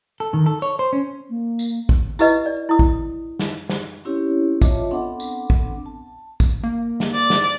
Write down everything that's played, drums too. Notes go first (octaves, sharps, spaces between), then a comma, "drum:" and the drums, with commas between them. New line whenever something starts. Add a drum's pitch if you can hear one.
A4
D#3
A4
C#5
C5
C#4
A#3
drum: tambourine
drum: kick
E4 G4 B4 D#5, drum: tambourine
D5
E4 D#6
drum: kick
drum: snare
drum: snare
C4 C#4 E4 G4 C#5
F4 C#5 D#5 E5 A5 D6, drum: kick, tambourine
B3 C4 D4 A4 F#5 D6
drum: tambourine
drum: kick
A5
drum: kick, tambourine
A#3
drum: snare
D5
drum: snare